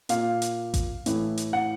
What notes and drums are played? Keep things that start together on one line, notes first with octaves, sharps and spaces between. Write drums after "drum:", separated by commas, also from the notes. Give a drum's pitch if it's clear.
A#2 F5, drum: hi-hat
drum: hi-hat
drum: kick A1, hi-hat
A2 E3, drum: hi-hat
drum: hi-hat
F#5